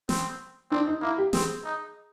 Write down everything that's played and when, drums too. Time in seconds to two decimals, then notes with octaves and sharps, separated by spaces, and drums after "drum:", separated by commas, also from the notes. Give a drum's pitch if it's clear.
0.09 C4, drum: snare
0.71 C4 D4
0.87 D#4
1.02 A#3 E4
1.18 G4
1.33 C4 G#4, drum: snare
1.65 D#4